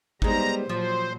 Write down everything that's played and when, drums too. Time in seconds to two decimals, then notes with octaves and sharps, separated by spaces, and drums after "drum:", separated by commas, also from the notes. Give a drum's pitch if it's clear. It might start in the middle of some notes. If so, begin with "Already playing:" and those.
0.22 G3 G#3 B3 D#4 C5 A#5, drum: kick
0.69 A#2 F3 F#3 C5